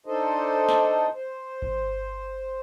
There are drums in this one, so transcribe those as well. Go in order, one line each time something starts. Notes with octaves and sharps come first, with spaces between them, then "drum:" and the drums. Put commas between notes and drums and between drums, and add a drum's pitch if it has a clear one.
D4 D#4 A4 C5 D#5
drum: snare
C5
drum: kick G#1